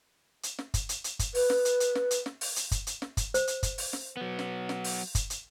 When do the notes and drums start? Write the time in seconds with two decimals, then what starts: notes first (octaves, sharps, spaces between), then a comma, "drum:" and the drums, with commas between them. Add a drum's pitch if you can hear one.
0.43 drum: hi-hat
0.59 drum: snare
0.74 drum: kick, hi-hat
0.89 drum: hi-hat
1.04 drum: hi-hat
1.19 drum: kick, hi-hat
1.35 B4, drum: open hi-hat
1.50 drum: snare
1.65 drum: hi-hat
1.80 drum: hi-hat
1.95 drum: snare
2.11 drum: hi-hat
2.26 drum: snare
2.41 drum: open hi-hat
2.56 drum: hi-hat
2.71 drum: kick, hi-hat
2.87 drum: hi-hat
3.02 drum: snare
3.17 drum: kick, hi-hat
3.34 C5, drum: hi-hat
3.47 drum: hi-hat
3.63 drum: kick, hi-hat
3.78 drum: open hi-hat
3.93 drum: snare
4.17 F#3 B3
4.39 drum: snare
4.69 drum: snare
4.84 drum: open hi-hat
5.15 drum: kick, hi-hat
5.30 drum: hi-hat